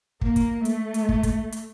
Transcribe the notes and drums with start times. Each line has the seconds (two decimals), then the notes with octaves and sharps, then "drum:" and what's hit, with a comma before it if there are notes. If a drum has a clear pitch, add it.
0.21 A#3, drum: kick
0.36 drum: kick, hi-hat
0.65 A3, drum: hi-hat
0.94 drum: hi-hat
1.09 drum: kick
1.23 drum: kick, hi-hat
1.52 drum: hi-hat